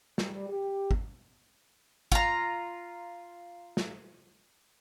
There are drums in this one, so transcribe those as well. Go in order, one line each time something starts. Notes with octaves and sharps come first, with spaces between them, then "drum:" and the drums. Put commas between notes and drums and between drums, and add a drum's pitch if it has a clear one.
G3, drum: snare
G4
drum: kick
F4 A#5, drum: kick
drum: snare